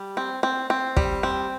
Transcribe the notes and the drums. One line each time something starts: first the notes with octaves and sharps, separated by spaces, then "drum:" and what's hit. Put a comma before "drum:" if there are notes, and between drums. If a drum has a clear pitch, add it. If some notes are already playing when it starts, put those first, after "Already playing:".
Already playing: G3
C4
C4
C4
G3, drum: kick
C4